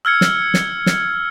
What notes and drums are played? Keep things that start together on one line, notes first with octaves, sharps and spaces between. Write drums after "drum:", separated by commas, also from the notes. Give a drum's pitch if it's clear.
E6 F6 G#6 C#7
drum: snare
drum: snare
drum: snare